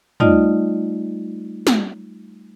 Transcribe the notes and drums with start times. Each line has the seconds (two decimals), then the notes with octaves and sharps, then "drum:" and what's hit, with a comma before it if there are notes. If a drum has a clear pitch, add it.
0.20 G3 A3 D#4 F4 D5 D#5, drum: tom
1.67 drum: snare